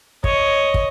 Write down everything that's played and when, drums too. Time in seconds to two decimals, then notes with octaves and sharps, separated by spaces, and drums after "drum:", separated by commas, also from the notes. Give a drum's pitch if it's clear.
0.24 C#5 D#5, drum: kick
0.74 drum: kick